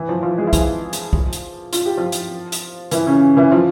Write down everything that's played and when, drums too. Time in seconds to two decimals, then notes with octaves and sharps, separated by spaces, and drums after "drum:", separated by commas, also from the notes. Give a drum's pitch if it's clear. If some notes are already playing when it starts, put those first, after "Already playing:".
Already playing: E3 E4
0.09 F3 F4
0.23 F3 F4
0.38 G#3 G#4
0.47 E4
0.53 F3 F4, drum: kick, hi-hat
0.93 drum: hi-hat
1.13 drum: kick
1.33 drum: hi-hat
1.73 F4, drum: hi-hat
1.86 G4
1.97 F3 F4
2.12 drum: hi-hat
2.52 drum: hi-hat
2.91 E3 E4, drum: hi-hat
3.06 C#3 C#4
3.37 E3 E4
3.51 F3 F4